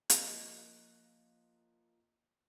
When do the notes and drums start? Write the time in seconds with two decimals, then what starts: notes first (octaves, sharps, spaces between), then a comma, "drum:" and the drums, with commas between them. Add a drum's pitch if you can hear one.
0.10 F3 A#3 D#5 F#6 A#6, drum: hi-hat